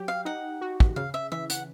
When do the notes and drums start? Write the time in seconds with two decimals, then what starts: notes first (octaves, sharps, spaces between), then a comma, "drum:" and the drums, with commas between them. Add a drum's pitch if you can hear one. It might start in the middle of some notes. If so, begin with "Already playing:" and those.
Already playing: F#3 G4
0.08 F5
0.25 D#4 F#5
0.61 F#4
0.80 drum: kick
0.96 C#3 F5
1.14 E5
1.32 E3 E5
1.50 F#5, drum: hi-hat